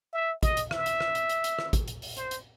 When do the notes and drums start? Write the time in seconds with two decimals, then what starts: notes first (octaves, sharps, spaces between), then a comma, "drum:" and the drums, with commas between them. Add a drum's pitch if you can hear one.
0.13 E5
0.43 D#5, drum: kick, hi-hat
0.57 drum: hi-hat
0.71 E5, drum: rim click
0.86 drum: hi-hat
1.00 drum: rim click
1.15 drum: hi-hat
1.29 drum: hi-hat
1.44 drum: hi-hat
1.59 drum: rim click
1.73 drum: kick, hi-hat
1.88 drum: hi-hat
2.02 drum: open hi-hat
2.17 C5, drum: hi-hat
2.31 drum: hi-hat